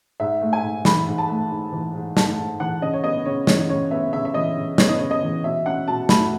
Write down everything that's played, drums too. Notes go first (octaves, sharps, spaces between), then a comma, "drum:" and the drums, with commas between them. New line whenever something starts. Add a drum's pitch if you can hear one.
G#2 E5
A3
G#5
G#2
E3 B5, drum: snare
G#2
A5
A3
G#2
E3
G#2
A3 A5, drum: snare
G#2
E3 F#5
C#3 D#5
C#5
B3 D#5
C#3 C#5
E3 C#5, drum: snare
C#3 C#5
B3 E5
C#3 E5
E5
E3 D#5
C#3
B3 C#5, drum: snare
D#5
C#3 C#5
D#5
E3
B2 E5
C#4 F#5
B2 A5
A3 B5, drum: snare